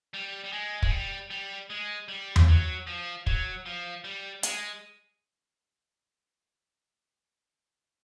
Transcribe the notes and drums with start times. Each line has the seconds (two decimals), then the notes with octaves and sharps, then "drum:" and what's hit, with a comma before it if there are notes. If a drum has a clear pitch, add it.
0.14 G3
0.44 G3
0.52 G#3
0.82 G#3, drum: kick
0.91 G3
1.30 G3
1.70 G#3
2.08 G3
2.36 drum: tom E2
2.49 F#3
2.87 F3
3.27 F#3, drum: kick
3.66 F3
4.04 G3
4.43 G#3, drum: hi-hat